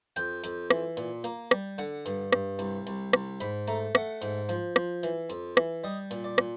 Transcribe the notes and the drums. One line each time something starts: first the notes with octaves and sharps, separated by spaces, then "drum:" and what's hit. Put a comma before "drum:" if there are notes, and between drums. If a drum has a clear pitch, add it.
F2 G5, drum: hi-hat
F2, drum: hi-hat
E3, drum: rim click
A#2, drum: hi-hat
A#3, drum: hi-hat
G3, drum: rim click
D3 F#5, drum: hi-hat
G2, drum: hi-hat
G2, drum: rim click
C2, drum: hi-hat
C2, drum: hi-hat
C2, drum: rim click
G#2 B5, drum: hi-hat
A3 A#5, drum: hi-hat
A3 F#5, drum: rim click
G#2, drum: hi-hat
F3, drum: hi-hat
F3, drum: rim click
E3, drum: hi-hat
F2, drum: hi-hat
E3, drum: rim click
G3 D#5
A#2, drum: hi-hat
D5
A#2, drum: rim click